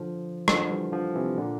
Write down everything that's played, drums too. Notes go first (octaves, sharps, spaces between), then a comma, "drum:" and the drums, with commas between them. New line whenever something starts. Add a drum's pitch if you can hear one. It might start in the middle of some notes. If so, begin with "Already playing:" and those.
Already playing: D3 F3
D3 F3, drum: rim click
E3 G3
D3 F3
C3 E3
A#2 D3